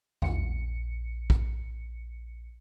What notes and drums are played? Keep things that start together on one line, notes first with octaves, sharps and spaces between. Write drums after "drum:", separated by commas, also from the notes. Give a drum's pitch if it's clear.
A#1 C#7, drum: tom E2
drum: kick